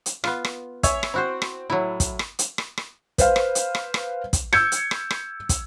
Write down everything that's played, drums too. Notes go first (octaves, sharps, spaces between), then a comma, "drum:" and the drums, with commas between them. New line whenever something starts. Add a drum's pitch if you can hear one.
drum: hi-hat
B3 F4, drum: rim click
drum: rim click
C#5 E5 G#5, drum: kick, hi-hat
drum: rim click
C4 E4 F#4 C5
drum: rim click
A2 F#3 E4
drum: kick, hi-hat
drum: rim click
drum: hi-hat
drum: rim click
drum: rim click
B4 C5 F5, drum: kick, hi-hat
drum: rim click
drum: hi-hat
drum: rim click
drum: rim click
drum: kick, hi-hat
E6 G6 G#6 C#7, drum: rim click
drum: hi-hat
drum: rim click
drum: rim click
drum: kick, hi-hat